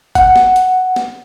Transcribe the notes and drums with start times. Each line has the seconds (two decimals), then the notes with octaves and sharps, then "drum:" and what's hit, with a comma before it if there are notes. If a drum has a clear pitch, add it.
0.15 F#5, drum: kick, hi-hat
0.36 drum: snare
0.56 drum: hi-hat
0.96 drum: snare